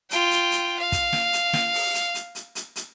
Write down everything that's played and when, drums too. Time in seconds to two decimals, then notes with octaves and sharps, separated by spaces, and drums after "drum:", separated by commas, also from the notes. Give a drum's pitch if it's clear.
0.11 F4 G5, drum: hi-hat
0.31 drum: hi-hat
0.51 drum: hi-hat
0.80 F5
0.92 drum: kick, hi-hat
1.13 drum: snare
1.33 drum: hi-hat
1.53 drum: snare
1.74 drum: open hi-hat
1.94 drum: hi-hat
2.15 drum: hi-hat
2.35 drum: hi-hat
2.55 drum: hi-hat
2.76 drum: hi-hat